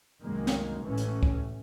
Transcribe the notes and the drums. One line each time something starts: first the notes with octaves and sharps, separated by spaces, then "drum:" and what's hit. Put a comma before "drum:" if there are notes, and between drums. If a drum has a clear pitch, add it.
C2 F#2 D#3 G#3 A#3
drum: snare
A1 A2 E3 C#4
drum: hi-hat
drum: kick